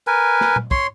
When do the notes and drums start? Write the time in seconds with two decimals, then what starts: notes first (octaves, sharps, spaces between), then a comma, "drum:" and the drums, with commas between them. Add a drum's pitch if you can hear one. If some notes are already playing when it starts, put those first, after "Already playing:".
0.07 A#4 B4 G#5
0.41 drum: snare
0.56 drum: tom A#2
0.71 C#5 C6, drum: kick